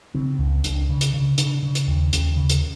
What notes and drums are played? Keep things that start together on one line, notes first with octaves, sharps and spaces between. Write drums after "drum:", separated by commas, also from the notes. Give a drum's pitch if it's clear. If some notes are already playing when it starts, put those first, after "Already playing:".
C#3 C4
C#2 C#4
C#2 D4, drum: hi-hat
C#3
drum: hi-hat
C#3
C#3 D4, drum: hi-hat
C#3
drum: hi-hat
D#2
D#2 C#4, drum: hi-hat
C#3
drum: hi-hat